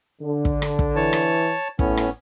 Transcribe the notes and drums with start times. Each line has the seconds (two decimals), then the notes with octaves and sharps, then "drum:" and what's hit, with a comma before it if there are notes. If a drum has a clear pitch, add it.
0.21 D3
0.45 drum: kick
0.62 drum: rim click
0.79 drum: kick
0.96 E3 C#5 A5
1.13 drum: rim click
1.79 A2 B3 C#4, drum: kick
1.97 drum: rim click